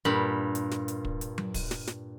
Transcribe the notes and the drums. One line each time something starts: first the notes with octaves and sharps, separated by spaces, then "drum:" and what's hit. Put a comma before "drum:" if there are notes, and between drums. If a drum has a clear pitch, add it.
G2 A#2 B5
drum: hi-hat
drum: snare
drum: hi-hat
drum: kick
drum: hi-hat
drum: tom F#3
drum: kick, open hi-hat
drum: snare
drum: snare